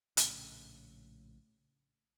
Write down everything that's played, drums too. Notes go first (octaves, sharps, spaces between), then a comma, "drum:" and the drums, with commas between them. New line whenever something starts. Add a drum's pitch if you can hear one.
A#1 A2 C#3, drum: hi-hat